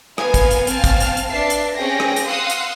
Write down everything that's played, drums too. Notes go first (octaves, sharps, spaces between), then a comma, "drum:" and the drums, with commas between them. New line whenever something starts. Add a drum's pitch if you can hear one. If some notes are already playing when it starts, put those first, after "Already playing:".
B3 A#4 F5 G#5, drum: rim click
drum: kick, hi-hat
drum: hi-hat
C4 F5 G#5 A5 F6, drum: hi-hat
drum: kick, hi-hat
drum: hi-hat
drum: hi-hat
D4 B4 E5 A5 C7
drum: hi-hat
C4 C#4 G4 G#4 G5 A#6
drum: rim click
drum: hi-hat
F5 F#5 C6 D#6 E6 F#6
drum: hi-hat